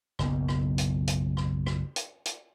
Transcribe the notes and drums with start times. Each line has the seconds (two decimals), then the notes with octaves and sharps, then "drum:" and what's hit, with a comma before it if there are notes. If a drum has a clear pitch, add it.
0.19 F#1 B1, drum: rim click
0.48 drum: rim click
0.78 drum: hi-hat
1.07 drum: hi-hat
1.37 drum: rim click
1.66 drum: rim click
1.96 drum: hi-hat
2.25 drum: hi-hat